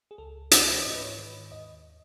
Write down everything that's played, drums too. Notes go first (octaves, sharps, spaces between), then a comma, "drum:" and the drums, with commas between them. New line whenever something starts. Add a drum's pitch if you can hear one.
G#4
C#2 A4
E3 B4, drum: hi-hat
A4
B4
C#5
G#2 D#5
B4
C#5
D#3 B4
D#2 D#5